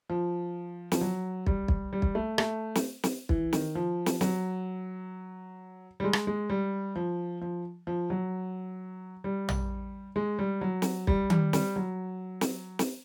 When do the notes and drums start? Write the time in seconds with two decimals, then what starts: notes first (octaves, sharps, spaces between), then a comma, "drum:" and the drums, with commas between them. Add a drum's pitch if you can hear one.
0.09 F3
0.92 F3, drum: snare
1.01 F#3
1.47 G3, drum: kick
1.68 drum: kick
1.93 G3
2.02 drum: kick
2.15 A3
2.38 A3, drum: rim click
2.75 drum: snare
3.03 drum: snare
3.29 E3, drum: kick
3.53 D#3, drum: snare
3.75 F3
4.06 drum: snare
4.21 F#3, drum: snare
6.00 G3
6.04 G#3
6.13 drum: rim click
6.27 G#3
6.50 G3
6.96 F3
7.41 F3
7.87 F3
8.10 F#3
9.24 G3
9.49 drum: tom A#1
10.16 G#3
10.39 G3
10.61 F#3
10.82 drum: snare
11.07 G3, drum: kick
11.30 G3, drum: tom D#3
11.53 G3, drum: snare
11.76 F#3
12.41 drum: snare
12.79 drum: snare